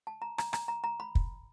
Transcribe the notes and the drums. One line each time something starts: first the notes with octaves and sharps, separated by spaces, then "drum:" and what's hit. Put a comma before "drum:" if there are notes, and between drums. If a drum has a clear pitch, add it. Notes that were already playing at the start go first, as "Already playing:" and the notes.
A5
A#5
A#5, drum: rim click
A#5, drum: rim click
A#5
A#5
B5
drum: kick